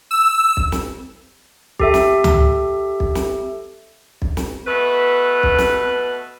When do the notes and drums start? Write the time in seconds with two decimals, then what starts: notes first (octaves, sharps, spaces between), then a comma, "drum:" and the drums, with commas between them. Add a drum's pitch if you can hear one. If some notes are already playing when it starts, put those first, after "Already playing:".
0.11 E6
0.57 drum: kick
0.72 drum: snare
1.80 G4 A4 E5, drum: kick
1.94 drum: snare
2.24 drum: tom C#2
3.00 drum: kick
3.15 drum: snare
4.22 drum: kick
4.37 drum: snare
4.67 B2 A3 B4
5.43 drum: kick
5.58 drum: snare